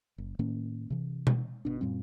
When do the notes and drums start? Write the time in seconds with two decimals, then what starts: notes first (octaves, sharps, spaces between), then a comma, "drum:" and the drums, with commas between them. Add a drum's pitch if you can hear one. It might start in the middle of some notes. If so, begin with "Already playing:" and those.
0.18 F#1
0.39 A2 D#3 A#3 C#4
0.90 C3 E3
1.27 drum: tom B2
1.65 G1 B2 D4
1.81 F#2 A#2 G3 C4